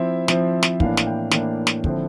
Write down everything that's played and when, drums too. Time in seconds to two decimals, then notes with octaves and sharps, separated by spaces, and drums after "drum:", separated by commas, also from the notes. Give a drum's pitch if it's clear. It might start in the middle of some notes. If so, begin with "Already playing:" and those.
Already playing: F3 C4 E4 E5
0.28 F3 C4 E4, drum: snare
0.63 drum: snare
0.80 A2 E3 A#3 D4 F5, drum: kick
0.97 drum: snare
1.07 G5
1.31 A2 E3 A#3 D4, drum: snare
1.67 drum: snare
1.84 D3 F3 C4 E4, drum: kick